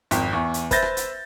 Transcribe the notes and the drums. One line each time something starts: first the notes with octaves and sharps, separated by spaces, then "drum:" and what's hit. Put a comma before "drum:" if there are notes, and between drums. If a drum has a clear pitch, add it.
G#1 F2, drum: hi-hat
E2 C#6
drum: hi-hat
B4 C5 E5 G6 A6 A#6, drum: kick, hi-hat
drum: rim click
drum: hi-hat